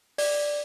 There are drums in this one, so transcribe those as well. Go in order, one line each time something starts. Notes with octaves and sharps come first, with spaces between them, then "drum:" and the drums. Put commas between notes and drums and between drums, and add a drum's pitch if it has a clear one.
D5, drum: open hi-hat